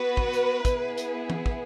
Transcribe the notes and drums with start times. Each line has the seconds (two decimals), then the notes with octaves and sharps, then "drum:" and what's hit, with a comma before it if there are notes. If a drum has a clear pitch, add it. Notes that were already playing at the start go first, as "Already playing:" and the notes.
Already playing: B3 F#4 B4
0.17 drum: kick
0.33 drum: hi-hat
0.65 B3 E4 G#4, drum: kick, hi-hat
0.98 drum: hi-hat
1.30 drum: tom E3
1.46 drum: kick